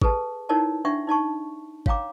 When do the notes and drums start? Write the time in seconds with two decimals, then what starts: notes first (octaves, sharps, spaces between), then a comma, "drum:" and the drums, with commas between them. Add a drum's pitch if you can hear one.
0.02 G#4 A4 B4 A5, drum: kick G#1
0.49 D#4 E4 A#4 C#5 D5 A5
0.85 D4 D5 E5 F#5 G5 C#6
1.07 D#4 D5 A5 C#6
1.86 C#5 F5 G5 A#5 D6, drum: kick G#1